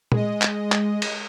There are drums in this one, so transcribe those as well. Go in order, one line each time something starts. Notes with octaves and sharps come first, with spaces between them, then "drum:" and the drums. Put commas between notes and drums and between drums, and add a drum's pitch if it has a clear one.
G#3 D#5, drum: tom A#2
drum: clap
drum: clap
drum: cymbal